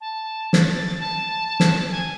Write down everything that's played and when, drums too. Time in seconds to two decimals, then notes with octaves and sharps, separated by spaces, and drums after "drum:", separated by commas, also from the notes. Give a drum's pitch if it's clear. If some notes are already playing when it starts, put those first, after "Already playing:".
0.01 A5
0.53 A6, drum: snare
1.00 A5
1.60 drum: snare
1.91 G#5